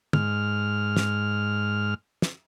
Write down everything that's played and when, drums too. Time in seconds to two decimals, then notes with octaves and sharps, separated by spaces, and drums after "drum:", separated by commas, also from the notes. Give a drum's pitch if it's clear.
0.13 G#2 F6, drum: tom
0.97 drum: snare
2.22 drum: snare